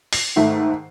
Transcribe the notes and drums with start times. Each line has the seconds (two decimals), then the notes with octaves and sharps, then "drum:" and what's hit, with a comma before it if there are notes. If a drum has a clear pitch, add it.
0.13 C7, drum: open hi-hat
0.36 G#2 D#3 A3